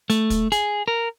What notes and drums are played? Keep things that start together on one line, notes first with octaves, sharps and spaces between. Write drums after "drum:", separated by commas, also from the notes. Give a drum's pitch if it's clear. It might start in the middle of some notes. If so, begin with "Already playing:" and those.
A3, drum: hi-hat
drum: kick, hi-hat
G#4, drum: hi-hat
A#4